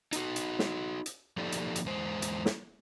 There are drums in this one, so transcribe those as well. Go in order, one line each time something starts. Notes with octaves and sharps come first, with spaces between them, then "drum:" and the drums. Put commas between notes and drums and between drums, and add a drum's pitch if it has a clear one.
D#4 F#4, drum: hi-hat
drum: hi-hat
drum: snare
drum: hi-hat
F3 A#3 D#4 G4 A4 D5
drum: hi-hat
drum: hi-hat
E2 G#3 C5
drum: hi-hat
drum: snare